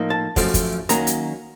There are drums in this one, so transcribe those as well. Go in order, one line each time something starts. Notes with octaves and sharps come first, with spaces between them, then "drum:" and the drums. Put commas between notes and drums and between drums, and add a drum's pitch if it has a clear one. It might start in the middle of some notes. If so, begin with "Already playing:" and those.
Already playing: A2 F3 A#3 D#4
A5
F#2 F3 A3 C#4, drum: kick, open hi-hat
drum: kick, hi-hat
D#3 F#3 A#3 C#4 A#5, drum: hi-hat
drum: hi-hat